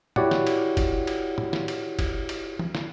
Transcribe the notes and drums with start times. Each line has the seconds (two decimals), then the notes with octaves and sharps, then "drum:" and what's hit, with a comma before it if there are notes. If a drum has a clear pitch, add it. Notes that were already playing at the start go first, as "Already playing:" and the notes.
0.16 E4 F#4 G4 C#5 D5 F#5, drum: tom A2
0.31 drum: snare
0.47 drum: cymbal
0.77 drum: kick, cymbal
1.07 drum: cymbal
1.38 drum: tom A2
1.53 drum: snare
1.68 drum: cymbal
1.99 drum: kick, cymbal
2.29 drum: cymbal
2.59 drum: tom
2.75 drum: snare